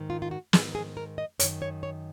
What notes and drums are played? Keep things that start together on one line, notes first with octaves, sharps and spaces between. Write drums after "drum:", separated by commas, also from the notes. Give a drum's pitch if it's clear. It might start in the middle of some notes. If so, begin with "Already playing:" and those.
Already playing: G#2 D#3
F4
F4
F#4
G#2 D#3 G#4, drum: snare
G#4
A#4
D#5
F#2 D#3 C#5, drum: hi-hat
C#5
C#5